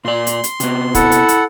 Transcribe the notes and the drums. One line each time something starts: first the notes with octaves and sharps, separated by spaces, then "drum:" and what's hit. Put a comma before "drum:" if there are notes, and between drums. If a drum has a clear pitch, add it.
A#2 D5 C6
drum: hi-hat
drum: hi-hat
C3 B3, drum: hi-hat
E4 A4 F#5, drum: kick, hi-hat
drum: hi-hat
drum: hi-hat